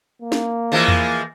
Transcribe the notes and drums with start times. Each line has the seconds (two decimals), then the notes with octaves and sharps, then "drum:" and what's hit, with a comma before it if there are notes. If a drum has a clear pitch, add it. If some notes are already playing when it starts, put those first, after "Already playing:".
0.22 A#3
0.32 drum: snare
0.72 E3 F3 G#3
0.88 drum: tom E2